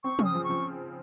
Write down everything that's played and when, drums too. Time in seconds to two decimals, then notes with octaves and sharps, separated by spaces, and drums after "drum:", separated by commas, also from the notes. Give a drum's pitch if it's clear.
0.04 C4 C#6
0.19 C#3, drum: tom
0.24 D#6
0.35 F3
0.44 C#6
0.50 F3